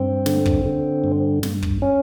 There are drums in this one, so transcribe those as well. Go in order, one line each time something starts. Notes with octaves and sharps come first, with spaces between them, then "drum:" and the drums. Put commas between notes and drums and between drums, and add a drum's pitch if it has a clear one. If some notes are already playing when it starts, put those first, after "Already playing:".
Already playing: G2 C4
D3, drum: snare
drum: kick
D3
G2
G2, drum: snare
drum: kick
C#4